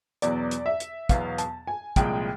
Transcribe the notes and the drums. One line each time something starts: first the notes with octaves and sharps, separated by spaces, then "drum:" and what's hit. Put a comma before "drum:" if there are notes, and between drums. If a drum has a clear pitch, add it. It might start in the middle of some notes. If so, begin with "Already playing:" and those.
E2 B2 F#3 B3 D5, drum: hi-hat
drum: hi-hat
E5
drum: hi-hat
E2 B2 F#3 B3 F5, drum: kick, hi-hat
A5, drum: hi-hat
G#5
C2 A#2 F3 G#3 G5, drum: kick, hi-hat